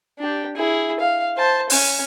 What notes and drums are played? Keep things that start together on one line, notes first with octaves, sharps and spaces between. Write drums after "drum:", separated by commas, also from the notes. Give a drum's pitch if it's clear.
D4 G4
E4 G#4
F5
C5 A5
C#4 G#5, drum: open hi-hat